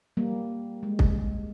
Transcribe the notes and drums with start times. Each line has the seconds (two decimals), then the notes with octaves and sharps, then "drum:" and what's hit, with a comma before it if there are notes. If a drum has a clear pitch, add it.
0.17 G3 A#3
0.83 G#3
0.99 drum: kick